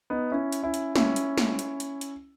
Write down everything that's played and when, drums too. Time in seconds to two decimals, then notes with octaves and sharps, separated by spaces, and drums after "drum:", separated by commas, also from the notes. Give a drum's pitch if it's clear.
0.10 B3 D#4
0.32 C#4 E4
0.52 drum: hi-hat
0.63 C#4 E4
0.74 drum: hi-hat
0.96 C#4 E4, drum: snare
1.16 drum: hi-hat
1.38 drum: snare
1.59 drum: hi-hat
1.80 drum: hi-hat
2.01 drum: hi-hat